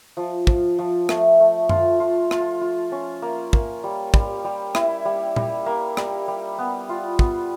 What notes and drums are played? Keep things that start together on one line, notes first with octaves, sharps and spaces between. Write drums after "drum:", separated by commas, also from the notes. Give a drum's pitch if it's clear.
F3
F3, drum: kick
F3
A3, drum: rim click
A3
F4, drum: tom F#2
F4
F4, drum: rim click
F4
C#4
A#3
A#3, drum: kick
G3
G3, drum: kick
G3
E4, drum: rim click
G3
G3, drum: tom A#2
A#3
G3, drum: rim click
G3
B3
F4
B3, drum: kick